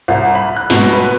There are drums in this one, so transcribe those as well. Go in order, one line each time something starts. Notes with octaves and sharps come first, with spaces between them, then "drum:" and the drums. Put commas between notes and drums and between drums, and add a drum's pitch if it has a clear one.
C2
B5
F#6
B2, drum: snare
B4